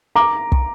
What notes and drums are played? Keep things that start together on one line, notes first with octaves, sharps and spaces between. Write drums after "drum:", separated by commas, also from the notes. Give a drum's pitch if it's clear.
A#5 D6
drum: kick